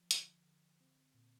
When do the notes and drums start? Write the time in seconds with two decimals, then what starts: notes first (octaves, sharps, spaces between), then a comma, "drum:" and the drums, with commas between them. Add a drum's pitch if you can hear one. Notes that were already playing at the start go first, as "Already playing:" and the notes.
Already playing: F3
0.11 D3, drum: hi-hat
0.45 D3
0.80 C4
1.14 A#2